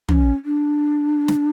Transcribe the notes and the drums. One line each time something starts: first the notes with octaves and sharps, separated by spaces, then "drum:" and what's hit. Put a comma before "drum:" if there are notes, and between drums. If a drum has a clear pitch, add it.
D4, drum: tom
C#4
D4
drum: snare